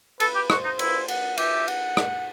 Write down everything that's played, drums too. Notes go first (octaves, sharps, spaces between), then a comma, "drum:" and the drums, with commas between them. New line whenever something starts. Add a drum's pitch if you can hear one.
A4 B4, drum: cymbal
G4
F#4 C5, drum: rim click
D#4
E4, drum: cymbal
F#5, drum: cymbal
G4 E5, drum: cymbal
F#5, drum: cymbal
drum: rim click